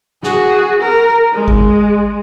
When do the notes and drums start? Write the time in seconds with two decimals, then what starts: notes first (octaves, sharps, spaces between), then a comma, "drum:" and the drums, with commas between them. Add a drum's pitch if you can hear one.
0.23 F#4 G#4, drum: snare
0.80 A#4
1.33 G#3
1.48 drum: kick G#1